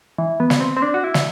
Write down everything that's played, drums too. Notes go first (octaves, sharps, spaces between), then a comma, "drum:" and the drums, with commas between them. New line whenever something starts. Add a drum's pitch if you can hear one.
E3
B3
drum: snare
C4
C4
D4
F#4
E4
drum: snare